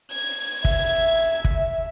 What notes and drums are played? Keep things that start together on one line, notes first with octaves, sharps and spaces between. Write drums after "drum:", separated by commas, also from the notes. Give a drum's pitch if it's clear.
G#6
E5, drum: kick
drum: kick